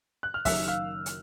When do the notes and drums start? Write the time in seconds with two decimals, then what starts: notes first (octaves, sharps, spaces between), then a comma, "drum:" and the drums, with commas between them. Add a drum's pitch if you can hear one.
0.23 F#6
0.34 F6
0.45 F#1 F#2 D#3 E5 E6, drum: kick, open hi-hat
0.68 F5 F6
1.06 drum: hi-hat